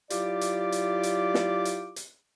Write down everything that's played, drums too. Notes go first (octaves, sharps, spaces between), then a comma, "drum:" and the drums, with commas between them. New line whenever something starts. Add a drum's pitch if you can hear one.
F#3 E4 F4 G4 D5 D6, drum: hi-hat
drum: hi-hat
drum: hi-hat
drum: hi-hat
drum: snare
drum: hi-hat
drum: hi-hat